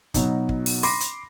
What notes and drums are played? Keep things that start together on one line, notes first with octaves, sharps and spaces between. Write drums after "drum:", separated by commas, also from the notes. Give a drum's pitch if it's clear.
B2 F#3 D#4, drum: kick, hi-hat
drum: kick
drum: open hi-hat
B5 C6 D6 A#6, drum: open hi-hat
drum: hi-hat